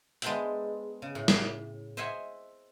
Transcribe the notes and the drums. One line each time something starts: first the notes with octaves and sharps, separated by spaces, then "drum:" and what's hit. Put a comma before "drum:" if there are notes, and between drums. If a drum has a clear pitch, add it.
G#3 B3 D4 C5 E5 G5, drum: hi-hat
C#3
A2
drum: snare
C5 D#5 E5 F#5 G#5